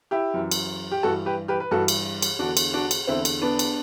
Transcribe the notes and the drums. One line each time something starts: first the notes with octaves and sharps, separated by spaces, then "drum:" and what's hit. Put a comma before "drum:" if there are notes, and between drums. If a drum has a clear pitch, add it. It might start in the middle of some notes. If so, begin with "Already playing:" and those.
E4 G4
F#2 E3
drum: cymbal
G4
G2 E3 F#4 A4
G4 B4
G4 B4
B4
G2 E3 F#4 A4
drum: cymbal
drum: cymbal
E2 D3 D4 F#4
drum: cymbal
D4 F#4
drum: cymbal
E2 D3 C4 E4
drum: cymbal
B3 D4
drum: cymbal